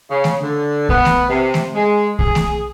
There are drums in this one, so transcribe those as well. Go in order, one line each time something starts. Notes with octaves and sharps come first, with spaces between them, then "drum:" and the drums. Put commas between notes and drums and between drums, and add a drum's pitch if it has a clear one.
C#3
drum: snare A3
D3
B3, drum: kick
drum: snare A3
C3
drum: snare A3
G#3
G#4, drum: kick
drum: snare A3